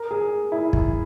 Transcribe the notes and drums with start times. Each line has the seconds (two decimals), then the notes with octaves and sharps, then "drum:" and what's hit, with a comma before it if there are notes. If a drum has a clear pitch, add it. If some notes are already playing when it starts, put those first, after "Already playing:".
Already playing: A#4
0.11 G#4
0.52 E4
0.73 drum: kick